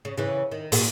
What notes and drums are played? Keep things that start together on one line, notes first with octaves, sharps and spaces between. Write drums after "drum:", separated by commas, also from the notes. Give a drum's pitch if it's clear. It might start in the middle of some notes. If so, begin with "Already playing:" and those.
C#3
C#3 E3
D#3
A#2, drum: open hi-hat